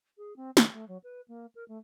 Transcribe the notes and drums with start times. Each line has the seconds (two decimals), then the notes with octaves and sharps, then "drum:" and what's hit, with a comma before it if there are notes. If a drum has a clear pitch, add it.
0.18 G#4
0.36 C4
0.57 D#3, drum: snare
0.73 A3
0.88 F#3
1.04 B4
1.28 A#3
1.55 A#4
1.68 A3